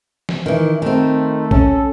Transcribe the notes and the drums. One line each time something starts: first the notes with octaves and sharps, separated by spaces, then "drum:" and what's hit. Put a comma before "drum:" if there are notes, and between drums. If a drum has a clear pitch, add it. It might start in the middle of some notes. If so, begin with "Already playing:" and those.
drum: snare
D#3 E3
D#3 A3 C4
C#4 A4, drum: kick